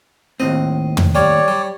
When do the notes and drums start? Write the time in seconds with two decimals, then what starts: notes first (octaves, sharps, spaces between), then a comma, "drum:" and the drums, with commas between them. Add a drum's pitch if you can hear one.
0.40 D#2 A2 C4 D#5
0.97 drum: tom
1.15 G3 C#5 D5 F5
1.48 G3